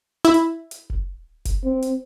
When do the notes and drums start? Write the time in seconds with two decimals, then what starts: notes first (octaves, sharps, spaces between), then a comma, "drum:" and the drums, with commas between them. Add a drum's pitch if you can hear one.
0.25 E4
0.34 drum: hi-hat
0.71 drum: hi-hat
0.90 drum: kick F1
1.45 drum: kick F1, hi-hat
1.64 C4
1.82 drum: hi-hat